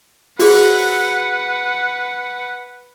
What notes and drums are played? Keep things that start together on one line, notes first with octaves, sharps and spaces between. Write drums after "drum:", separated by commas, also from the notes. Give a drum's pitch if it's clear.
F#4 G#4 B4 F#5, drum: open hi-hat